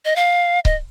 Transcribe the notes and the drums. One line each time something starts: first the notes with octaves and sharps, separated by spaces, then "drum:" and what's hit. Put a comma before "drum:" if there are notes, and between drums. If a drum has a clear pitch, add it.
D#5
F5
D#5, drum: kick C#1